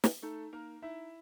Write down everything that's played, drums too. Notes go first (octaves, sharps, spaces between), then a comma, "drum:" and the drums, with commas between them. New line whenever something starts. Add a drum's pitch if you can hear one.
drum: snare
A3 D#4 A4
A#3 D#4 A#4
D#4 E4 E5